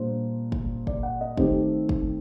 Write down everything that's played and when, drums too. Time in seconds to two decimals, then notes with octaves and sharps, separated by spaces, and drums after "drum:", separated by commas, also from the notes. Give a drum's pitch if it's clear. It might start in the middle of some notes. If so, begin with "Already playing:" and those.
Already playing: A#2 G3 D4 C5
0.52 drum: kick
0.87 D5, drum: kick
1.03 F#5
1.21 D#5
1.37 D#3 A3 C4 G4, drum: kick
1.89 drum: kick